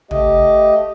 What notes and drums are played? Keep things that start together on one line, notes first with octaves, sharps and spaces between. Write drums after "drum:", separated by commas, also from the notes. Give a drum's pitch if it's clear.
A3 G4 D#5, drum: tom